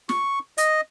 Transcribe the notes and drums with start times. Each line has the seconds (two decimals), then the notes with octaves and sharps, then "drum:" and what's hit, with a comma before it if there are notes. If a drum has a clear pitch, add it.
0.09 C#6, drum: snare
0.58 D#5, drum: hi-hat